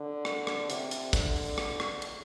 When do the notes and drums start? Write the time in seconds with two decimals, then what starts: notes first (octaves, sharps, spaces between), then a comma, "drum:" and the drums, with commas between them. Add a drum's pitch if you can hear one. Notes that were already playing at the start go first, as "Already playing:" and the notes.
Already playing: D3
0.25 drum: rim click
0.47 drum: rim click
0.70 C3, drum: hi-hat
0.91 drum: hi-hat
1.13 D3, drum: kick, hi-hat
1.36 drum: open hi-hat
1.58 drum: rim click
1.80 drum: rim click
2.02 drum: hi-hat